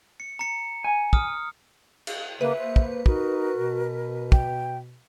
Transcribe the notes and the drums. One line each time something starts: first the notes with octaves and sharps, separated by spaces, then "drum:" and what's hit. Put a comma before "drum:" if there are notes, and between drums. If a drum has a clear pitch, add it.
C#7
A#5 C#7
G#5
D#6 F6, drum: kick
drum: cymbal
C#3 A#3 B4 E5
A#3 C5
drum: kick
D#4 F#4 A#4, drum: kick
B2
G5, drum: kick